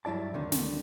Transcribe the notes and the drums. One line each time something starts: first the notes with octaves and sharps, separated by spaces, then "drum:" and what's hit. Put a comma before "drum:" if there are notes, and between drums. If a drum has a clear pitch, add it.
G2 F#3 E4 D5 A5
D2 D3 D#3
drum: snare